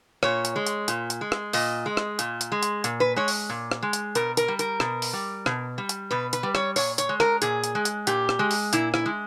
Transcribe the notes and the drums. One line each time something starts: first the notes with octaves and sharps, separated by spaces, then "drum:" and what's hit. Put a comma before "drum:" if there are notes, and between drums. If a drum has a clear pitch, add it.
A#2 C#5, drum: rim click
drum: hi-hat
G#3
drum: hi-hat
A#2, drum: hi-hat
drum: hi-hat
G#3
drum: rim click
A#2 D#5, drum: open hi-hat
G#3
drum: rim click
A#2, drum: hi-hat
drum: hi-hat
G#3
drum: hi-hat
A#2, drum: hi-hat
B4
G#3 C#5
drum: open hi-hat
A#2
drum: rim click
G#3
drum: hi-hat
B2 A#4, drum: hi-hat
A#4, drum: hi-hat
G3
A#4, drum: hi-hat
B2, drum: rim click
drum: open hi-hat
G3
B2, drum: rim click
G3
drum: hi-hat
B2 B4
B4, drum: hi-hat
G3
C#5, drum: rim click
A#2 C#5, drum: open hi-hat
C#5, drum: hi-hat
G#3
A#4, drum: rim click
A#2 G#4, drum: hi-hat
drum: hi-hat
G#3
drum: hi-hat
A#2 G4, drum: hi-hat
drum: rim click
G#3
drum: open hi-hat
A#2 E4, drum: hi-hat
E4, drum: rim click
G#3